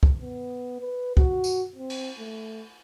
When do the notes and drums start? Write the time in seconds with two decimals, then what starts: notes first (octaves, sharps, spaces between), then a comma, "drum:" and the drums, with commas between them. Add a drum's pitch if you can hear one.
0.03 drum: kick
0.22 B3
0.81 B4
1.17 F#4, drum: kick
1.44 drum: tambourine
1.76 C4
1.90 drum: cymbal
2.18 A3